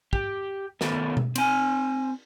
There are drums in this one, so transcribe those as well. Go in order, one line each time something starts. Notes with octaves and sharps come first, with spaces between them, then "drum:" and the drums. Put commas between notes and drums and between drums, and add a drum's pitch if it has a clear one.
G4, drum: kick
D#3 B3 A4 A#4, drum: snare
drum: tom B2
C4 G#5, drum: cymbal